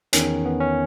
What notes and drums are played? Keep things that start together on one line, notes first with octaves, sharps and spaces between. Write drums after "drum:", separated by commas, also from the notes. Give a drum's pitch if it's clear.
E2 D#3 C#4, drum: hi-hat
B3
C#4